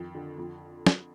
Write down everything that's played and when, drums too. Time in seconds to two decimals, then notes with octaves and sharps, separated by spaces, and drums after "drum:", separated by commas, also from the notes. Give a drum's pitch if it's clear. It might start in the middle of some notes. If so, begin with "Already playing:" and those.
Already playing: F2 D#3 G5
0.15 D3
0.38 F2
0.87 drum: snare